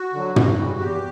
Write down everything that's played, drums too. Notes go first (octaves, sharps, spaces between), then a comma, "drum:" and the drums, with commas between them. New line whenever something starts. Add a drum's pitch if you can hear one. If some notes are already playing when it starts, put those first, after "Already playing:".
Already playing: F#4
D3 F#3
E2, drum: tom
C#3 E3 G3
E2 G4